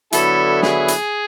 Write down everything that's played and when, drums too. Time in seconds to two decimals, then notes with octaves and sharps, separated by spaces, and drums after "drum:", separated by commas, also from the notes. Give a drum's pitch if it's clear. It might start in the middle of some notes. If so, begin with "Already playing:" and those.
0.12 D3 F#3 B3 E4 A4, drum: hi-hat
0.62 G#4, drum: snare
0.88 drum: hi-hat